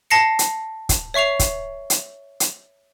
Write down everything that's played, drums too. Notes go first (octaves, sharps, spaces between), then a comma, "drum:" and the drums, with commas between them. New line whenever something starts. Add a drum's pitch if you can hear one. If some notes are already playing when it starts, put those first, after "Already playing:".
A5 A#6 C7 C#7
drum: hi-hat
drum: kick, hi-hat
C#5 E5 C#6 C7 F7
drum: kick, hi-hat
drum: hi-hat
drum: hi-hat